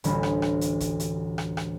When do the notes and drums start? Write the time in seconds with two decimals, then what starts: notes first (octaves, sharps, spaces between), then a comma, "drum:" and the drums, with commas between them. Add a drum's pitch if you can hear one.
0.04 A1 D2 E3 G3 B5, drum: hi-hat
0.23 drum: rim click
0.42 drum: rim click
0.61 drum: hi-hat
0.80 drum: kick, hi-hat
1.00 drum: hi-hat
1.38 drum: rim click
1.57 drum: rim click